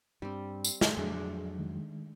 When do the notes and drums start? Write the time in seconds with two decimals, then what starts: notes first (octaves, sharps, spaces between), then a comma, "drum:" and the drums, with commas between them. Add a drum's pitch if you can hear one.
0.22 G2 G3 C4
0.65 drum: tambourine
0.81 drum: snare
0.97 F2 F#3 A3 D4 G#4 D6
1.58 D#3 G#3